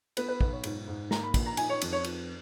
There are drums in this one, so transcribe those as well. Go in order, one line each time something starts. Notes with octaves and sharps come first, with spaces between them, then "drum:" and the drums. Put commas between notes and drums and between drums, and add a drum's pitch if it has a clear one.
B3 B4, drum: cymbal
B4
B1 B4, drum: kick
C#5
G#2, drum: cymbal
G#2
A#3 A#5, drum: snare
B5
A#1, drum: kick, cymbal
A#5
D#4 G#5, drum: cymbal
C#5
F2, drum: cymbal
C#5
drum: cymbal